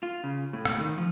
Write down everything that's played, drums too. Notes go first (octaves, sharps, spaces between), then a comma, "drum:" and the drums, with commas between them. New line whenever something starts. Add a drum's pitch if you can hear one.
F4
C#3
A2
drum: rim click
D#3
F3